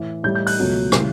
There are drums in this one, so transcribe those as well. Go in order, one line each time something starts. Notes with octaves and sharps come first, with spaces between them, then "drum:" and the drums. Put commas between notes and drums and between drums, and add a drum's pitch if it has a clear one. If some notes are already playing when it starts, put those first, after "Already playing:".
Already playing: A2 E3
A2 E3 G3 G6
G6
F#6, drum: open hi-hat
C#2 B2 F#3 A3
C#3 E3 G3, drum: rim click